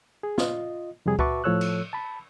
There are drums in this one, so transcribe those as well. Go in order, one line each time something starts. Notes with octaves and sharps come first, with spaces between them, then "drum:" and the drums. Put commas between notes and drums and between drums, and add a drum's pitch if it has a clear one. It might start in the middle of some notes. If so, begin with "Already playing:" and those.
G#4
F4 D#5, drum: snare
F2 C3 G3 G#4
F#4 B4 E5 A5 C#6 D6, drum: kick C#2
A2 F3 A4 C#5 E6 F#6
drum: cymbal
A5 B5